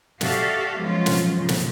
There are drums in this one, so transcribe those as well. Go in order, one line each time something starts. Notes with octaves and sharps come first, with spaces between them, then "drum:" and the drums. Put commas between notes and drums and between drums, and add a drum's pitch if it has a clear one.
F#4 G4 A4 D5 E5 F5, drum: snare
F3 F#3 G#3 B3 C#4 F4
drum: snare
A#2 C#3 F3
drum: snare